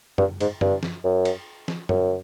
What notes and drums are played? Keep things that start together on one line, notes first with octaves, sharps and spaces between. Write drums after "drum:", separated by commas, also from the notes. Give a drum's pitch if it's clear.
G2, drum: tom F#2
G#2, drum: cymbal
G2, drum: tom F#2
drum: snare
F#2
drum: cymbal
drum: snare
F#2, drum: tom F#2